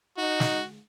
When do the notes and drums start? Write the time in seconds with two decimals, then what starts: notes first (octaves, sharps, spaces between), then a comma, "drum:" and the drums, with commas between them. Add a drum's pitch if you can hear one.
0.18 D#4 F#4
0.40 drum: snare